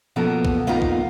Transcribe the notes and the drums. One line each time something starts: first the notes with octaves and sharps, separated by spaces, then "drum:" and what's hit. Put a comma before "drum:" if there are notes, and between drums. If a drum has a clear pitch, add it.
B2 F3 A#3 B3 A4 A#4
drum: kick
A#3 B3 D#4 F4 F5 A#5
drum: kick